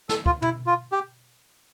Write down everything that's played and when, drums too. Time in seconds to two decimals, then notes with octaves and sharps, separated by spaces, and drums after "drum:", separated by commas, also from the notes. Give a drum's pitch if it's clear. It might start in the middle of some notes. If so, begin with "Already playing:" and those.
0.09 A4, drum: snare
0.26 F4, drum: kick
0.42 E4, drum: tom
0.66 F4
0.92 G4